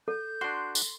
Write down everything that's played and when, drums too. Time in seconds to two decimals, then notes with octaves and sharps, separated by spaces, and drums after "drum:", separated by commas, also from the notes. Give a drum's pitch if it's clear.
0.08 A4 G6
0.41 D4 F#4 C6
0.75 drum: tambourine